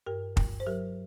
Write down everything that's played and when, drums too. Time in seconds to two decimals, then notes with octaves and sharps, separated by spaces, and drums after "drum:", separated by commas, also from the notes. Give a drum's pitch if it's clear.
0.06 G2 G4 A#4
0.37 G2, drum: kick
0.60 C5
0.67 F#3 G4 A#4